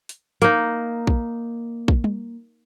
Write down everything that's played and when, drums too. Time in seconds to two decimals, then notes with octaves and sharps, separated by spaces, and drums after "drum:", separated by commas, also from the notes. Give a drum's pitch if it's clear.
0.09 drum: hi-hat
0.42 A#3 D#4, drum: hi-hat
1.07 drum: kick
1.88 drum: kick
2.04 drum: tom G3